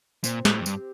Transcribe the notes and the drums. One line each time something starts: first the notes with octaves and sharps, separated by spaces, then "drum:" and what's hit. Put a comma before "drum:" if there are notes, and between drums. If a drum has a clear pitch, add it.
A#2 C4, drum: tambourine
A2, drum: snare
F2
G2 G4, drum: tambourine